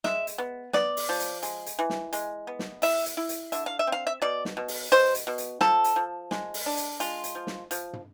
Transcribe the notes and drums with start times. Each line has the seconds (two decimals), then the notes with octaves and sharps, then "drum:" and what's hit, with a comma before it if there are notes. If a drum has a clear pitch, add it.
0.04 G#3 E5, drum: snare
0.27 drum: hi-hat
0.38 B3
0.73 B3 D5, drum: snare
0.97 drum: open hi-hat
1.09 F3
1.20 drum: hi-hat
1.43 G#3, drum: hi-hat
1.66 drum: hi-hat
1.79 E3
1.90 drum: snare
2.13 G#3, drum: hi-hat
2.47 B3
2.59 drum: snare
2.82 E4 E5, drum: open hi-hat
3.06 drum: hi-hat
3.17 E4
3.29 drum: hi-hat
3.52 D3 E5, drum: hi-hat
3.66 F5
3.79 E5
3.87 C4
3.92 F5
4.07 E5
4.22 B2 D5
4.45 drum: snare
4.57 B2
4.68 drum: open hi-hat
4.92 B2 C5
5.15 drum: hi-hat
5.27 B2
5.38 drum: hi-hat
5.61 F3 A4, drum: snare
5.84 drum: hi-hat
5.96 F3
6.31 G#3, drum: snare
6.54 drum: open hi-hat
6.66 D4
6.77 drum: hi-hat
7.00 G#3 F4, drum: hi-hat
7.24 drum: hi-hat
7.35 F3
7.47 drum: snare
7.71 F3, drum: hi-hat
7.93 drum: tom